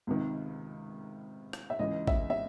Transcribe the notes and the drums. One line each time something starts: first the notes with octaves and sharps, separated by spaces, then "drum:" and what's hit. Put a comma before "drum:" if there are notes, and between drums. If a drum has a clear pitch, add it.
C#2 C3 D#3
drum: rim click
E5
C#2 C#3 E3 D#5
E5, drum: kick G#1
E5